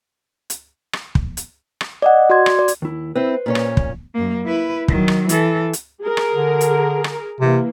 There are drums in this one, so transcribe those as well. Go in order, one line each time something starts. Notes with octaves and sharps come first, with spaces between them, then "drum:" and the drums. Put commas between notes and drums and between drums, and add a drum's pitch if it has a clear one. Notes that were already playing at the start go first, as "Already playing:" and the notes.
drum: hi-hat
drum: rim click
drum: kick
drum: hi-hat
drum: rim click
D5 D#5 F#5
F#4 D5 C6 G#6
drum: rim click
D5
drum: hi-hat
D#2 E4
C4 E4 B4 C5
A#2 C#4 C#5
drum: rim click
drum: kick
F#2 A#3
E4 B4
D#3 F#3, drum: kick
drum: rim click
E3 A4, drum: hi-hat
drum: hi-hat
G#4 A#4
drum: rim click
D3
drum: hi-hat
drum: rim click
C3 E3 A#3